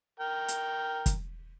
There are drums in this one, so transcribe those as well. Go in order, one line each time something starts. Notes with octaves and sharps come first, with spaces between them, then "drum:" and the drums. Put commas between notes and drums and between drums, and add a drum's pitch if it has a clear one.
A#4 G5
drum: hi-hat
drum: kick, hi-hat